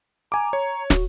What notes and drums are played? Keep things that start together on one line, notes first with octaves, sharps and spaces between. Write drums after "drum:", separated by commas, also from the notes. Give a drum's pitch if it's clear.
G#5 A#5 D6
C#5
F#4, drum: snare